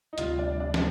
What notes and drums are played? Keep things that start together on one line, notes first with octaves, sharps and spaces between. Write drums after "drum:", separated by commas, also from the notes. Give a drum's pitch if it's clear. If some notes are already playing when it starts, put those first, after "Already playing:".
D#4
D2 C3 G3 F4, drum: hi-hat
D4
D4
drum: snare